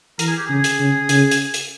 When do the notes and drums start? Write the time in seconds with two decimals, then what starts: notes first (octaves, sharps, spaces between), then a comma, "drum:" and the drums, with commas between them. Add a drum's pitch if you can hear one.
0.19 E3 A#4, drum: hi-hat
0.28 G#4
0.37 G4
0.46 C#3 G#4
0.64 drum: hi-hat
0.79 C#3
1.09 C#3, drum: hi-hat
1.31 drum: hi-hat
1.54 drum: hi-hat